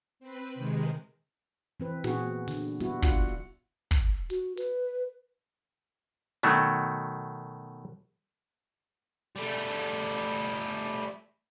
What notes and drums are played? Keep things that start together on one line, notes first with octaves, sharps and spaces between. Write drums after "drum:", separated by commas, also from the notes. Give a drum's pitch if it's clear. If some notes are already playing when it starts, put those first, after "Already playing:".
C4 B4
C3 D#3 G#3
E3 C4 B4
A#2 B3 F#4 G#4, drum: snare
D3, drum: open hi-hat
G3 B3 E4 F#4, drum: hi-hat
D4 F4 F#4 F#5, drum: kick
drum: kick
F#4, drum: hi-hat
B4, drum: hi-hat
B2 D#3 F#3 A3, drum: snare
G3 A3